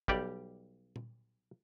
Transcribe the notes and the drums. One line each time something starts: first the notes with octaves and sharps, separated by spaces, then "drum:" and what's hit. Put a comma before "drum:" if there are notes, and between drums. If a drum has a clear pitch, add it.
B1 G3 G4 D5, drum: kick
drum: tom A#2